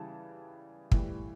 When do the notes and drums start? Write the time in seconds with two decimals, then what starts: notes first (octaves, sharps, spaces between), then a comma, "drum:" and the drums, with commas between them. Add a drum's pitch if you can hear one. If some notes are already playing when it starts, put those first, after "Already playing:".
Already playing: C#3 E3 G3 A5
0.92 A2 E3 G3, drum: kick